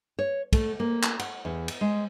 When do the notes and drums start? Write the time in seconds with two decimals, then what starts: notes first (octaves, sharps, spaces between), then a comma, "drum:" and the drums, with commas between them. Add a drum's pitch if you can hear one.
0.19 C#5
0.53 A3, drum: kick, cymbal
0.80 A#3
1.03 drum: clap
1.19 F#5, drum: cymbal
1.45 E2
1.68 drum: cymbal
1.81 G#3